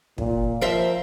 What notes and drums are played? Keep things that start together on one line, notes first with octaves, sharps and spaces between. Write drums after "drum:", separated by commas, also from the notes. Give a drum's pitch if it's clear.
A#2, drum: kick
F3 A#4 C5 E5